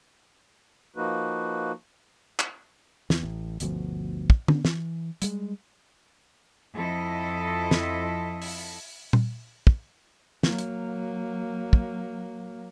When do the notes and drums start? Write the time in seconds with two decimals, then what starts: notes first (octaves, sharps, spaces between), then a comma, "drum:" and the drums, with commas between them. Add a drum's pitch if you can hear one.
0.96 F3 A#3 D#4 F#4 B4
2.39 drum: clap
3.10 E2, drum: snare
3.23 A1
3.60 G1 D2 B2 F3, drum: hi-hat
4.30 drum: kick
4.48 D3 B3 C#4 D4, drum: tom D3
4.65 E3, drum: snare
5.22 G3 G#3, drum: hi-hat
6.74 F2 E4 A4 D#5
7.71 drum: snare
8.42 drum: open hi-hat
9.13 drum: tom A#2
9.67 drum: kick
10.43 F#3 A#3, drum: snare
10.59 drum: hi-hat
11.73 drum: kick